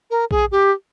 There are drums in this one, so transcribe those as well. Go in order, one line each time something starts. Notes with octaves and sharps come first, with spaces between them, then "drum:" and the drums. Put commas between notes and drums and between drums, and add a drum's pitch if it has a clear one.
A#4
G#4, drum: kick A#1
G4